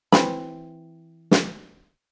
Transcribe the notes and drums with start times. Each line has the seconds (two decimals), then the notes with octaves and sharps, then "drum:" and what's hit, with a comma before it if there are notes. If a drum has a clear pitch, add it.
0.12 E3 C4 B5, drum: snare
1.31 drum: snare